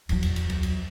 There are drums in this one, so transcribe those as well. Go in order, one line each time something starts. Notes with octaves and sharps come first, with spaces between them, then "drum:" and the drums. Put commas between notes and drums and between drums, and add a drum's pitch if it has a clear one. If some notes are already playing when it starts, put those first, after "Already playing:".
E2 F#3, drum: cymbal
drum: cymbal
drum: cymbal
drum: kick C#2, cymbal
drum: cymbal